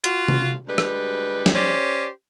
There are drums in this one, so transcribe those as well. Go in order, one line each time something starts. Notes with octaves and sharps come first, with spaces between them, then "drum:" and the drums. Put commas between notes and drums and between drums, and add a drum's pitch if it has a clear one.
F4 F#4, drum: hi-hat
drum: tom C3
D2 G3 G#3 B4
drum: rim click
drum: snare
C#4 G4 C5 D5